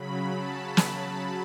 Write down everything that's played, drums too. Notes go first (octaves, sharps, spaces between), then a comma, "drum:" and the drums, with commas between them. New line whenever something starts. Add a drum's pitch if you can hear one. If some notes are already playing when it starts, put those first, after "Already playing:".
Already playing: C#3 F#3 B5
A5
B5, drum: snare